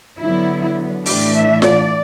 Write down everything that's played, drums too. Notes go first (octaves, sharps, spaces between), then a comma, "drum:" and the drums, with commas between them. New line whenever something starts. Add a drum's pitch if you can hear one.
D3 F#3 B3 E4
A2 E3 A3 D4 G4, drum: open hi-hat
E5
D5, drum: snare F4